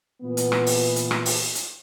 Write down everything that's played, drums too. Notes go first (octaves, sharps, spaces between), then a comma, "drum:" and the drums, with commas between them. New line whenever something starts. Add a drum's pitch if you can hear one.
A#2 E3 B3
drum: hi-hat
drum: rim click
drum: open hi-hat
drum: hi-hat
drum: rim click
drum: open hi-hat
drum: hi-hat